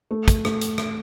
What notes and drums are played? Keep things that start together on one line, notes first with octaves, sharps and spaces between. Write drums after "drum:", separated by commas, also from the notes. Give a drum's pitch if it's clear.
A3
drum: kick, hi-hat
A3, drum: rim click
drum: hi-hat
drum: rim click